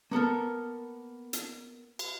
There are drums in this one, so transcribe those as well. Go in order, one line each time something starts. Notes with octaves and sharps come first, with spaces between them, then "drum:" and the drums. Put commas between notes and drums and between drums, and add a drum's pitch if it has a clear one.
A#3 B3 A4 A#4
drum: hi-hat
drum: cymbal